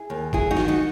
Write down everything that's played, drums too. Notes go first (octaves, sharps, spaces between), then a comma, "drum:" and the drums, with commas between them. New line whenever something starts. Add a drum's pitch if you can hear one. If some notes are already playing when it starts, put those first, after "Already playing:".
Already playing: E4 G#4
D#2
F#3 E4 G#4, drum: kick G1
D#4 F#4
D#3, drum: snare
D#4 F#4